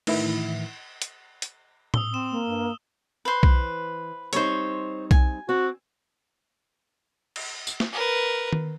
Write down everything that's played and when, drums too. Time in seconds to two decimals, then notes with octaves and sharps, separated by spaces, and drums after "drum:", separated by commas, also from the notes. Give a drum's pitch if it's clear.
0.07 A2 D#3 E3 E4, drum: cymbal
1.02 drum: hi-hat
1.42 drum: hi-hat
1.94 D#6 E6 G7, drum: tom A2
2.14 C4 E7
2.31 A#3
2.46 G2
3.25 B4 C5
3.43 E3, drum: kick B1
4.33 G3 C4 D#4 C5 C#5, drum: hi-hat
5.11 G#5, drum: kick B1
5.49 C4 F#4
7.36 drum: cymbal
7.67 drum: tambourine
7.80 drum: snare
7.92 A#4 B4
8.53 drum: tom D#3